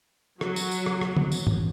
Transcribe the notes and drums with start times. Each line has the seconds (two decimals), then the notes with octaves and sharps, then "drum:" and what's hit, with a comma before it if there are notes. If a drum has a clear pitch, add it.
0.41 F#3, drum: rim click
0.56 drum: tambourine
0.71 drum: tambourine
0.86 drum: rim click
1.01 drum: rim click
1.17 drum: tom
1.32 drum: tambourine
1.47 drum: tom